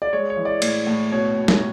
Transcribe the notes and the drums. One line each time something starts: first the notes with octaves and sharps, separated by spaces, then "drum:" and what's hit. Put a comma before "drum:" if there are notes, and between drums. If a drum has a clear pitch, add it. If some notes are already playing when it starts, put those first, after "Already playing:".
D5
G#3 C#5
C#5
E3
D5
A2, drum: cymbal
A2
B2 C#5
B2
drum: snare